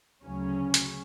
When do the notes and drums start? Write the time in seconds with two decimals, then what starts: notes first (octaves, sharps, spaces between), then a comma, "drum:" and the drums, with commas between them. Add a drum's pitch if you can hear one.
0.24 D2 C#3 F#3 C#4
0.74 drum: hi-hat